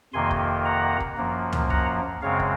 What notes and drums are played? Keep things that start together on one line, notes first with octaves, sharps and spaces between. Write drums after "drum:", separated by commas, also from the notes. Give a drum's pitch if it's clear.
F2 C3 D#3 A#3 G#5 C6
drum: kick
F#5 A#5
drum: kick
F#2 F3 A#3
drum: tom C#2
F#5 A#5, drum: kick
F#2 C#3 G#3 C4 C#5 F5
drum: kick